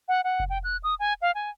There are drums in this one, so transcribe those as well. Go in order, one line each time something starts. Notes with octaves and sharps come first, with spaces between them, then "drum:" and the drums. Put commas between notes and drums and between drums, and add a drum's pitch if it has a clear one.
F#5
F#5
drum: kick F1
G5
F#6
D#6
G#5
F5
G#5